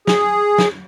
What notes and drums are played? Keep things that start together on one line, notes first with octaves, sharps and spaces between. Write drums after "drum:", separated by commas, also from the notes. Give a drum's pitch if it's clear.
G#4, drum: snare
drum: snare